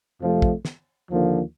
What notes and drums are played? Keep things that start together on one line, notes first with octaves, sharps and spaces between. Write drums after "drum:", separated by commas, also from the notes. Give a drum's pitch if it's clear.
F2 C3 F3 A3
drum: kick
drum: snare
D#2 D3 F3 A#3